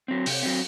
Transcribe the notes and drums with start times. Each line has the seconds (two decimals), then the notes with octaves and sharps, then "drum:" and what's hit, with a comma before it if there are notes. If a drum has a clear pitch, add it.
0.08 F#3 C4
0.26 C3, drum: open hi-hat
0.43 F#3 C4